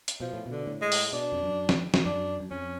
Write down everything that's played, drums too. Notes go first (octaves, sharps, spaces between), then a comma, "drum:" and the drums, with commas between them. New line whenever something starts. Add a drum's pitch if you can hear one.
drum: hi-hat
B2 F3
A2
B2 D3
A2
G#3
drum: open hi-hat
B2 D4
F2
F#2
drum: snare
drum: snare
F#2 D4
F#2
F2 C#4